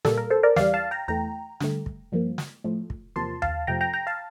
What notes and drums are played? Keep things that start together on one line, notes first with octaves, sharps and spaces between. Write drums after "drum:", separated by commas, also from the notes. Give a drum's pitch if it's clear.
A#2 G3 A#3 A4, drum: snare
A#4
A4 C5
A#4 D5
E2 E3 G3 D5 F5, drum: snare
F5 A5
G5 A#5
E2 E3 A3 G5 A#5
G2 D3 A3, drum: snare
drum: kick
G2 F3 A#3
drum: snare
A2 F3 A3
drum: kick
E2 C3 F3 A#3 A5 C6
F5 A5, drum: tom D#2
F2 C3 F3 A3 G5 A#5
G5 A#5
G5 A#5
F5 A5